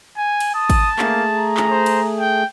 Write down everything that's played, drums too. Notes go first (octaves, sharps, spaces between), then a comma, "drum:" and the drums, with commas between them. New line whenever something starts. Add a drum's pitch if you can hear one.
G#5
drum: cymbal
A5 D#6
drum: kick, cymbal
A3 A#3 G#4, drum: clap
A#5
drum: clap
C5
drum: cymbal
G5